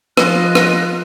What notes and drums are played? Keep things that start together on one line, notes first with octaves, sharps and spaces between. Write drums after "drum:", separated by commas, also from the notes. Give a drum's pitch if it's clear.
F3 F4 D#5 F#6, drum: rim click
drum: rim click